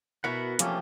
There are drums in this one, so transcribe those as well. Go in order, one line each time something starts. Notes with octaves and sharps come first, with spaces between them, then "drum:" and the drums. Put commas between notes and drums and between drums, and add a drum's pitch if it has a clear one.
B2 B3 E4 F#4 A#4 F#5
C3 E3 F3 A3 A#3 C#4 G4, drum: hi-hat